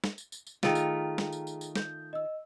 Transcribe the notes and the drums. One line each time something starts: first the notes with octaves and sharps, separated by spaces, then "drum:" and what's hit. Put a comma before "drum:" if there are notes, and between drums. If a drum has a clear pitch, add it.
drum: snare
drum: tambourine
drum: tambourine
drum: tambourine
D#3 A3 F4 G#4 G5 A#5, drum: snare
drum: tambourine
drum: snare
drum: tambourine
drum: tambourine
drum: tambourine
G6, drum: snare
D#5 E6